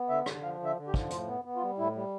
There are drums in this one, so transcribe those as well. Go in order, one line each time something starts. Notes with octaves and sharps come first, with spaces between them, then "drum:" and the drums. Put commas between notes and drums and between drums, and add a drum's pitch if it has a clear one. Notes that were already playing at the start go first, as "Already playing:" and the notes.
Already playing: B3
D3 E5
D3, drum: rim click
F3 F5
D3 E5
D3
G4
F3, drum: kick
A2 F4, drum: hi-hat
B3
B3
F4
G3
A2 E4
G3